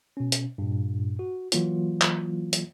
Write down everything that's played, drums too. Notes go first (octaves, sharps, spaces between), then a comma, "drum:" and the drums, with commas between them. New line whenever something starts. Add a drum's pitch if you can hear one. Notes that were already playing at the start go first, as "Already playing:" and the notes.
B2 C#4
drum: hi-hat
G2 A#2
F#4
E3 F#3 A#3 F4, drum: hi-hat
drum: clap
drum: hi-hat